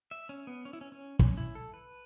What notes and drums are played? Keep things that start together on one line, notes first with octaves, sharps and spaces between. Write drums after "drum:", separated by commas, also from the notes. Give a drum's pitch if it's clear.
E5
C#4
B3
C#4
E4
C#4
C#4
C#4, drum: kick
E4
A4
B4